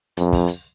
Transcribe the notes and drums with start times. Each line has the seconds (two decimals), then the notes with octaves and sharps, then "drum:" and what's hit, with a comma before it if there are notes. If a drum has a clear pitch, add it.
0.17 F2, drum: hi-hat
0.33 drum: kick, open hi-hat
0.48 drum: hi-hat